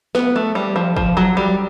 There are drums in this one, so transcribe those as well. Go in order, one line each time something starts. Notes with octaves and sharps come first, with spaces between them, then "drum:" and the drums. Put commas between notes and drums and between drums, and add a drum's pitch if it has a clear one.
B3, drum: snare
A3
G3
F3
F3, drum: kick
F#3
G3